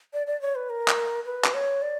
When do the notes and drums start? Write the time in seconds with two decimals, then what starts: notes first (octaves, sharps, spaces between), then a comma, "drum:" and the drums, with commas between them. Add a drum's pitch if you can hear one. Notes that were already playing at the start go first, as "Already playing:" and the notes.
0.13 D5
0.27 D5
0.41 C#5
0.55 B4
0.70 A#4
0.88 drum: clap
1.25 B4
1.44 drum: clap
1.54 C#5
1.82 D5